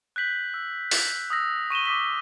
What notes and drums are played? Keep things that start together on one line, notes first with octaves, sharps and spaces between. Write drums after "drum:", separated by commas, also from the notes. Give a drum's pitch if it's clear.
F#6 G6 B6 F#7
E6
drum: open hi-hat
D#6 E6 A#6
C#6 D#7 E7 G7
D6 D#6 B6 G7